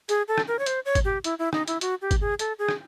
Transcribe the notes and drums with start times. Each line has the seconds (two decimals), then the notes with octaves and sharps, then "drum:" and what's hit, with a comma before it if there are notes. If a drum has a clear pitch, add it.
0.09 G#4, drum: hi-hat
0.28 A4
0.38 drum: rim click
0.48 A#4
0.59 C#5
0.66 C5, drum: hi-hat
0.86 C#5
0.95 drum: kick G1, hi-hat
1.05 G4
1.24 E4, drum: hi-hat
1.39 E4
1.53 D#4, drum: rim click
1.68 E4, drum: hi-hat
1.81 F#4, drum: hi-hat
2.02 G4
2.11 drum: kick G1, hi-hat
2.21 G#4
2.39 A4, drum: hi-hat
2.59 G#4
2.69 drum: rim click